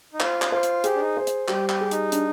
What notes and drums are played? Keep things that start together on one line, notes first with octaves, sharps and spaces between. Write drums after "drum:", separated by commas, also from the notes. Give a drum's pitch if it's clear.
D#4
F4 C5, drum: clap
drum: clap
F4 C5
drum: hi-hat
G4 G#4, drum: hi-hat
D4
D#4
C5
drum: hi-hat
G3 G4, drum: clap
G4, drum: clap
G#4
D#4, drum: hi-hat
D4, drum: hi-hat